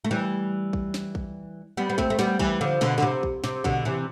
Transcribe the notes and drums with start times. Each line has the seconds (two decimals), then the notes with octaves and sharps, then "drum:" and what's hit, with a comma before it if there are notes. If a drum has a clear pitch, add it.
0.04 A3
0.11 E3 G3
0.73 drum: kick A#1
0.94 drum: snare
1.15 drum: kick A#1
1.77 G3 B3
1.90 B3
1.98 A3 C4, drum: kick A#1
2.10 A3
2.19 G3 B3, drum: snare
2.39 E3 G3, drum: kick A#1
2.61 D3 F3
2.81 B2 D3
2.98 D3
3.03 C3
3.23 drum: kick A#1
3.44 C3, drum: snare
3.64 B2 D3, drum: kick A#1
3.85 C3 E3